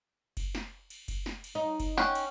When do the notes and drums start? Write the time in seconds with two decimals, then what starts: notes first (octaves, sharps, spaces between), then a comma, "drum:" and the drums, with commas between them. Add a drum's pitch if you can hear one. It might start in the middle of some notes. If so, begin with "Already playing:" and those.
0.37 drum: kick F#1, cymbal
0.55 drum: snare
0.90 drum: cymbal
1.08 drum: kick F#1, cymbal
1.26 drum: snare
1.44 drum: cymbal
1.55 D#4
1.80 drum: kick F#1, cymbal
1.97 C#4 F#5 G5, drum: snare
2.15 drum: cymbal